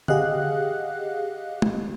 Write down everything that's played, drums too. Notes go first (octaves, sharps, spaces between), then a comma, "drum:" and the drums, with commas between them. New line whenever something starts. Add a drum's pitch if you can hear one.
G4 G#4 D#5 F5 F#5 F#6, drum: tom D3
drum: tom